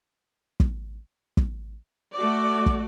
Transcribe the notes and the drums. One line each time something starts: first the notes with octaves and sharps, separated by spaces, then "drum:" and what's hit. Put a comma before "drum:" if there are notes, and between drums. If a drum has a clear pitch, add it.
drum: kick
drum: kick
A3 F#4 D5 D6
drum: kick